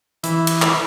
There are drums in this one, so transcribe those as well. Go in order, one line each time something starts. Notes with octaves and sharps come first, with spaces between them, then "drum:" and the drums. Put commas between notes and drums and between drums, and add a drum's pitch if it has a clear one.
E3, drum: hi-hat
drum: cymbal
drum: clap